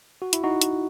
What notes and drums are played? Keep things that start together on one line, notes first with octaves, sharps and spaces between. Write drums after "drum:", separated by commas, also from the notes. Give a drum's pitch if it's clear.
F#4
E4, drum: hi-hat
D#4 F#4
drum: hi-hat